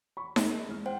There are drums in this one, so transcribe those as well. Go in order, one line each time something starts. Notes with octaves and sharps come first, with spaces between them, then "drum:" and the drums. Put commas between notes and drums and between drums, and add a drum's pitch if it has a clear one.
B5 C#6
C4 G#4, drum: snare D#4
G#3 E4 F6
C5 F#5 G5